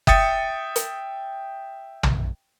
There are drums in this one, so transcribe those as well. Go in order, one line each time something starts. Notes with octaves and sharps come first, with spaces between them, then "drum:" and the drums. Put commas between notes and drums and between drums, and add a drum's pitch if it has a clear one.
E5 G5 D#6 A6 C#7, drum: kick F#1
drum: hi-hat
drum: tom